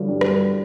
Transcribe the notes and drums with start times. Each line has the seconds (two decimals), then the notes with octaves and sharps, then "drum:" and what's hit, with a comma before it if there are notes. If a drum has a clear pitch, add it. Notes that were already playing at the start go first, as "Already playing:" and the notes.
Already playing: G2 D3 E3 F#3
0.08 G3 D4
0.21 drum: rim click